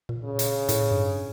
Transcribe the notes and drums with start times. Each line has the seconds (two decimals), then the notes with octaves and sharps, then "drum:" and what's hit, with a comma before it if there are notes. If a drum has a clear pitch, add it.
0.09 A#2
0.24 C#3
0.39 drum: hi-hat
0.69 A2, drum: hi-hat
0.91 G2